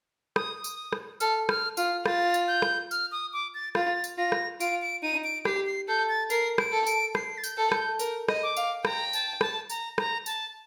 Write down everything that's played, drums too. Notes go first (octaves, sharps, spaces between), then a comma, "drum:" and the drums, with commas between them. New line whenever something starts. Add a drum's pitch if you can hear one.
D#6, drum: rim click
drum: tambourine
drum: rim click
A4 F6, drum: tambourine
F6, drum: rim click
F4 F6, drum: tambourine
F4 A6, drum: rim click
drum: tambourine
G6
drum: rim click
F6, drum: tambourine
D#6
D6
A6
F4 A6, drum: rim click
drum: tambourine
F4 A#6
drum: rim click
F4 D7, drum: tambourine
D7
D#4 D#7
D7
G4 C7, drum: rim click
C7
A4 G6
A6
A#4 C7, drum: tambourine
D7, drum: rim click
A4
D7, drum: tambourine
C7, drum: rim click
A6
G6, drum: tambourine
A4
G6, drum: rim click
A#4, drum: tambourine
D#5, drum: rim click
D6
F5, drum: tambourine
G5 A#5, drum: rim click
A5, drum: tambourine
A5, drum: rim click
A#5, drum: tambourine
A#5, drum: rim click
A5, drum: tambourine